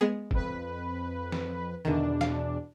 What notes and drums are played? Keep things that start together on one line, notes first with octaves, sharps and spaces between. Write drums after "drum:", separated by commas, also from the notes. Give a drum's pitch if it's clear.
G#3 B3 G#4
F2 B4, drum: kick
drum: snare
E2 B2 D3 D#3 D4
F5, drum: snare